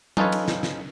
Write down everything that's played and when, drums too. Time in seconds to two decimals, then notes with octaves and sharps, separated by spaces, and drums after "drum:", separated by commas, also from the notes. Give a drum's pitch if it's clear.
0.17 C#4 D#4 F4 A4 B4 C#5, drum: tom F#3
0.32 drum: cymbal
0.48 drum: snare
0.63 drum: snare